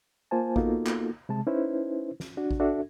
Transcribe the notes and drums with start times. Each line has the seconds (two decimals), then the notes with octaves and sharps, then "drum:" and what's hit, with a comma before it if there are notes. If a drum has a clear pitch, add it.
0.31 A#3 F4 C5 G#5 A5
0.56 A#3 B3 D#4 F4 F#4 A4, drum: kick A1
0.87 drum: clap
1.29 C3 G#3 A5
1.47 C#4 D#4 E4 B4 C5
2.20 drum: snare
2.37 D4 F#4
2.51 drum: kick A1
2.60 D4 F#4 A4 E5